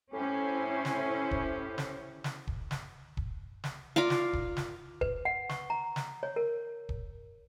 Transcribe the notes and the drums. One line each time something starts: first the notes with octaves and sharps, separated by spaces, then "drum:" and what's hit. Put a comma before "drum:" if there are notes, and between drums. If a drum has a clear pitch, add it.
A2 C#4 E4 G4 C5 G#5
drum: snare
drum: kick
drum: snare
drum: snare
drum: kick
drum: snare
drum: kick
drum: snare
F4 A#4 D5 F5
drum: snare
drum: kick
drum: snare
B4, drum: kick
F#5
C#6, drum: snare
A#5
drum: snare
C#5
A#4
drum: kick